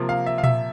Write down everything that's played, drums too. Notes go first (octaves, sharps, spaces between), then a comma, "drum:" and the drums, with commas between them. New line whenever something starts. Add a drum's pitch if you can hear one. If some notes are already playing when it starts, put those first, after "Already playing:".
Already playing: C3 F3 A#3
F5
E5
F5
E5, drum: tom A#2